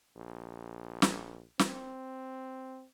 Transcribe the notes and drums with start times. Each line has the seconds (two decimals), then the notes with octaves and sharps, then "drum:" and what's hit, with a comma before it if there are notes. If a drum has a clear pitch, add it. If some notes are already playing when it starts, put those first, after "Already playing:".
0.16 A#1
1.02 drum: snare
1.59 C4, drum: snare